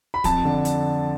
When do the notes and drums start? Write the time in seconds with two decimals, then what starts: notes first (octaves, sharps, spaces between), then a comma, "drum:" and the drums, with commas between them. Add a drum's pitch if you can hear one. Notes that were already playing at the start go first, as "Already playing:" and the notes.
0.14 B5
0.24 F2 A5, drum: kick D1, hi-hat
0.45 D3
0.65 drum: hi-hat